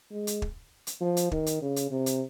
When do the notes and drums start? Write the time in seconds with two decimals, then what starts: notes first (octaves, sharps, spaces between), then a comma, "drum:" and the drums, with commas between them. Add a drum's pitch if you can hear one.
0.12 G#3
0.27 drum: hi-hat
0.42 drum: kick
0.87 drum: hi-hat
1.01 F3
1.17 drum: hi-hat
1.31 D#3, drum: kick
1.46 drum: hi-hat
1.62 C#3
1.76 drum: hi-hat
1.91 C3
2.06 drum: hi-hat